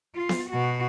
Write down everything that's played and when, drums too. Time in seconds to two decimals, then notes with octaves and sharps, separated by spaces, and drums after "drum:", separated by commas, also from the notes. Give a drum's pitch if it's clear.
0.15 F4
0.29 drum: snare B3
0.50 B2 F#4